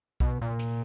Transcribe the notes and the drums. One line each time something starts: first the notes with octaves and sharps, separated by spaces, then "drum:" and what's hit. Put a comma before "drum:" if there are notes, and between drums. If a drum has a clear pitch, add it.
B2, drum: kick B1
A#2
drum: hi-hat